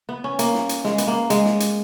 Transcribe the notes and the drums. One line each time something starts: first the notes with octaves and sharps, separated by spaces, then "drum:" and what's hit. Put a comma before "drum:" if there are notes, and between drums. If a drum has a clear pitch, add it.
B3
C#4
A#3, drum: hi-hat
drum: snare
drum: hi-hat
G#3, drum: snare
B3, drum: hi-hat
A#3
G#3, drum: hi-hat
drum: snare
drum: hi-hat